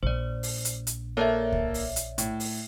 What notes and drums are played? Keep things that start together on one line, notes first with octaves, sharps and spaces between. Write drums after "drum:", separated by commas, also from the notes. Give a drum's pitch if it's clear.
A#1 C5 D5
drum: open hi-hat
drum: hi-hat
drum: hi-hat
A#3 A4 C#5 D5 E5
drum: kick C#2
drum: open hi-hat
drum: hi-hat
A2, drum: hi-hat
drum: open hi-hat